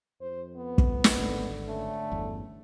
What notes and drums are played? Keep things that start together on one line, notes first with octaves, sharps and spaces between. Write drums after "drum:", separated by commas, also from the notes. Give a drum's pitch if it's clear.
F2 C5
B3
drum: kick
drum: snare
G#1 D3
A3 C#4
G1 E2